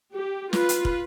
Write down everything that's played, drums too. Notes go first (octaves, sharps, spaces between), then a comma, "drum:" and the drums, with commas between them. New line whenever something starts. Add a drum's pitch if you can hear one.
G4
F4 B4, drum: snare
drum: hi-hat
drum: kick